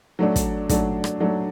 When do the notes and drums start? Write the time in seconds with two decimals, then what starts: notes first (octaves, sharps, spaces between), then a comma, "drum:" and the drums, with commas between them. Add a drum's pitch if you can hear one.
0.19 F#3 A3 D4
0.36 drum: kick, hi-hat
0.69 F#3 A3 D4, drum: kick, hi-hat
1.04 drum: rim click
1.20 F#3 A3 D4